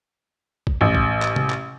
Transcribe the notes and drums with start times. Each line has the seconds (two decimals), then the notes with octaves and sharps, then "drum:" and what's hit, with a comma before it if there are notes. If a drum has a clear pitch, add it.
0.67 drum: kick A1
0.81 A1
0.95 drum: kick A1
1.22 drum: clap
1.36 drum: tom C3
1.50 drum: clap